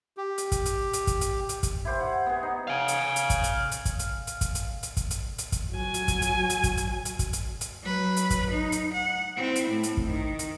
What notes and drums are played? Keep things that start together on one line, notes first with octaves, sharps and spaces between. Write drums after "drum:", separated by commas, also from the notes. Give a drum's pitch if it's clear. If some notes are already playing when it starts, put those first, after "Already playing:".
G4
drum: hi-hat
drum: kick, hi-hat
drum: hi-hat
drum: hi-hat
drum: kick, hi-hat
drum: hi-hat
drum: hi-hat
drum: kick, hi-hat
E4 G4 C5
F#5
B3 G#4
D#4
F5 G#5
drum: hi-hat
drum: hi-hat
drum: kick, hi-hat
drum: hi-hat
drum: hi-hat
drum: kick, hi-hat
drum: hi-hat
drum: hi-hat
drum: kick, hi-hat
drum: hi-hat
drum: hi-hat
drum: kick, hi-hat
drum: hi-hat
drum: hi-hat
drum: kick, hi-hat
F#3 G#5
drum: hi-hat
drum: kick, hi-hat
drum: hi-hat
drum: hi-hat
drum: kick, hi-hat
drum: hi-hat
drum: hi-hat
drum: kick, hi-hat
drum: hi-hat
drum: hi-hat
F#3 B4
drum: hi-hat
drum: kick, hi-hat
D#4
drum: hi-hat
F#5
C4 E4
drum: hi-hat
A2
drum: hi-hat
drum: kick
D#3
drum: hi-hat